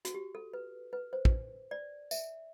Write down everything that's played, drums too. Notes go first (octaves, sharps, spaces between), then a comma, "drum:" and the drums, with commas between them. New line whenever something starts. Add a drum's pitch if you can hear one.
F#4, drum: hi-hat
G4
A4
B4
B4
C5
drum: kick
D5
E5, drum: tambourine